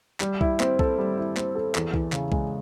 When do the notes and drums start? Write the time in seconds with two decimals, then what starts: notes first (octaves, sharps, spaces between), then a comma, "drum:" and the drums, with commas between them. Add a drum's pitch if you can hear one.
0.20 G3, drum: clap
0.41 E4, drum: kick B1
0.60 C4, drum: clap
0.79 A4, drum: kick B1
0.98 G3
1.18 E4
1.37 C4, drum: clap
1.55 A4
1.75 E2, drum: clap
1.94 E3, drum: kick B1
2.12 C#3, drum: clap
2.32 G#3, drum: kick B1